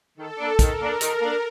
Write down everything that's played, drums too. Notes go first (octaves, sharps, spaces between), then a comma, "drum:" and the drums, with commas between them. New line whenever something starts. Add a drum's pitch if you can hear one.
D#3 A4
A#3 D4
D#3 A#4, drum: kick, hi-hat
A#3 D4
D#3, drum: hi-hat
A#3 D4